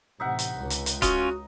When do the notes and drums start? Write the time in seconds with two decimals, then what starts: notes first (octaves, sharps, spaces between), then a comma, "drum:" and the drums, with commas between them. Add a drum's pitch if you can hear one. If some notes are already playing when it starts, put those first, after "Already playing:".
0.20 A1 C3 D#4 E5 F#5
0.39 drum: hi-hat
0.58 C#2
0.70 drum: hi-hat
0.86 drum: hi-hat
1.02 C#4 F4 F#4 D#5, drum: kick C#1, hi-hat